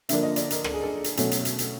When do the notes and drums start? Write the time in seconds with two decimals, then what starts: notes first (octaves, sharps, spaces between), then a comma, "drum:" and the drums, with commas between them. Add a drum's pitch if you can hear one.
0.09 D3 F3 A#3 D4 E5, drum: hi-hat
0.23 D#5
0.36 D5, drum: hi-hat
0.50 A#4, drum: hi-hat
0.64 A4, drum: rim click
0.74 G#4
0.83 A4
1.04 drum: hi-hat
1.17 B2 F#3 A3 C#4, drum: hi-hat
1.31 drum: hi-hat
1.45 drum: hi-hat
1.59 drum: hi-hat